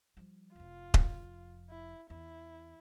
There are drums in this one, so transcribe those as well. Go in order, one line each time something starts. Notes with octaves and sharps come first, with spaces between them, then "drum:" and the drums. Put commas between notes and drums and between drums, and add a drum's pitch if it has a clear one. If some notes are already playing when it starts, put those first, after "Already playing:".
F3 G3
F1 F2 F4
drum: kick D#1
E4
E2 E4